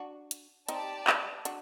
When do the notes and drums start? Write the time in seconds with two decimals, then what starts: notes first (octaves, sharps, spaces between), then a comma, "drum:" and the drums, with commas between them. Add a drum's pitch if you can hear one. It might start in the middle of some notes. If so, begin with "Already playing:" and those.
Already playing: D4 F#4
0.31 drum: hi-hat
0.69 C4 D#4 G4 D5 A5, drum: hi-hat
1.07 drum: clap
1.45 D4 F#4, drum: hi-hat